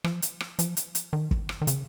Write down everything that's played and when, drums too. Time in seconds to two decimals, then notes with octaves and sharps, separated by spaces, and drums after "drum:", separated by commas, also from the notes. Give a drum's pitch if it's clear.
0.04 F3, drum: rim click
0.22 drum: hi-hat
0.40 drum: rim click
0.59 F3, drum: hi-hat
0.77 drum: hi-hat
0.95 drum: hi-hat
1.13 D#3
1.31 drum: kick
1.49 drum: rim click
1.62 D#3
1.67 C#3, drum: hi-hat